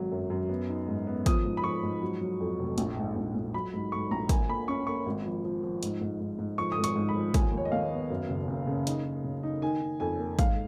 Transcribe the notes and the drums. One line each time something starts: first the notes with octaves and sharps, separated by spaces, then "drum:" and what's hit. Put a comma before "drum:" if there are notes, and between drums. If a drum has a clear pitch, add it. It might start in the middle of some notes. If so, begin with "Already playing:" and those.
Already playing: G#1 F#3
F#2
F#2
B3
D#4
G#2
B3
F3 D#6, drum: kick, hi-hat
G#2
B5
F3 C#6
G#2
F#3
F#3
F2
F1
A#1, drum: hi-hat
G#2
A#1
A#1
F#3 B5
G#2
G#2 C#6
A#1 A#5
A#3 G#5, drum: kick, hi-hat
A#3 B5
C#4 C#6
A#3 C#6
G#1
F3
F3
F3
G#2, drum: hi-hat
G#2
G#2
G#2
F3 C#6
D#6
G#1
C#6, drum: hi-hat
G#2
B5
F3
D#2 G#5, drum: kick, hi-hat
D#2 C#5
D#5
D#2 F5
B3
F#2
F#1
F#1
C#3
D#4, drum: hi-hat
D#4
C#3
D#4
D#3 G#5
D#3
F2 G#5
A#3
G#2 F5, drum: kick, hi-hat